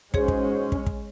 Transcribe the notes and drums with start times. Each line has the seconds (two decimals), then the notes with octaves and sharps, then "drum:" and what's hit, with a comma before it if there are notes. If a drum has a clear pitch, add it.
0.14 G#2 G#3 C#4 F#4 G#4 C5 C#5, drum: kick
0.28 drum: kick
0.72 drum: kick
0.86 drum: kick